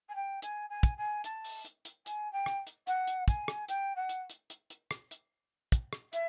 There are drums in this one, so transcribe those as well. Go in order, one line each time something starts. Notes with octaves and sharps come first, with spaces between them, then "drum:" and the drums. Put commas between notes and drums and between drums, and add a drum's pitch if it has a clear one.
G#5
G5
G#5, drum: hi-hat
G#5
drum: kick, hi-hat
G#5
A5, drum: hi-hat
drum: open hi-hat
drum: hi-hat
drum: hi-hat
G#5, drum: hi-hat
G5
drum: rim click
drum: hi-hat
F#5, drum: hi-hat
drum: hi-hat
G#5, drum: kick, hi-hat
drum: rim click
G5, drum: hi-hat
F#5
drum: hi-hat
drum: hi-hat
drum: hi-hat
drum: hi-hat
drum: rim click
drum: hi-hat
drum: kick, hi-hat
drum: rim click
E5, drum: hi-hat